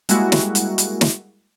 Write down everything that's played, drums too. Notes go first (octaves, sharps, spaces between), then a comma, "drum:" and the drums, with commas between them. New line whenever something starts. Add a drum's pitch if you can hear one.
G3 G#3 A#3 E4 F#4, drum: hi-hat
drum: snare
drum: hi-hat
drum: hi-hat
drum: snare